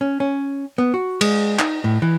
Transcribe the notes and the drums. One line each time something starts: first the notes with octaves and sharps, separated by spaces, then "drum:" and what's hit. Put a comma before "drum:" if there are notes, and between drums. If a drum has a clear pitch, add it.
C#4
C#4
B3
F#4
G#3, drum: cymbal
D#4, drum: clap
A2
E3